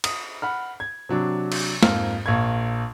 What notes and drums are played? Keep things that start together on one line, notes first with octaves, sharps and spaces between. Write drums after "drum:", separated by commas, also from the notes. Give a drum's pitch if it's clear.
D#6, drum: cymbal
F#5 B5 F6
G#6
C3 F#3 D4
drum: cymbal
F2 G#2 A#3 F6, drum: snare
A#1 A#3 C#6 G#6